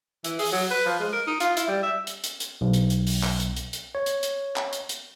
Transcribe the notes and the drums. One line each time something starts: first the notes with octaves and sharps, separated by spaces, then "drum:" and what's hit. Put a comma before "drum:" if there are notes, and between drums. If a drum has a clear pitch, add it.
E3, drum: hi-hat
G#4, drum: open hi-hat
F#3
B4
F3
G#3
A#4
D#4
F4, drum: hi-hat
E4, drum: hi-hat
G3
E5
drum: hi-hat
drum: hi-hat
drum: hi-hat
B1
drum: hi-hat
drum: hi-hat
drum: open hi-hat
drum: clap
drum: hi-hat
drum: hi-hat
drum: hi-hat
C#5
drum: hi-hat
drum: hi-hat
drum: clap
drum: hi-hat
drum: hi-hat